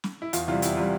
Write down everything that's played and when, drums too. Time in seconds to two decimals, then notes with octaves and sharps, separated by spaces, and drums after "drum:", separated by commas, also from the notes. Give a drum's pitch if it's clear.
0.04 drum: snare
0.22 E4
0.33 E2 F4, drum: hi-hat
0.48 C3 E3 G3 F4
0.62 E2 E4, drum: hi-hat
0.77 C3 E3 G3 F4